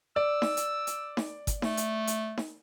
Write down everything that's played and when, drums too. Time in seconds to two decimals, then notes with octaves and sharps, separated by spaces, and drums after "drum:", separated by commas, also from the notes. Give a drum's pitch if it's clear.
0.16 D5 E6
0.42 drum: snare D#4
0.57 drum: hi-hat
0.87 drum: hi-hat
1.17 drum: snare D#4
1.47 drum: kick G1, hi-hat
1.62 A3, drum: snare D#4
1.77 drum: hi-hat
2.07 drum: hi-hat
2.37 drum: snare D#4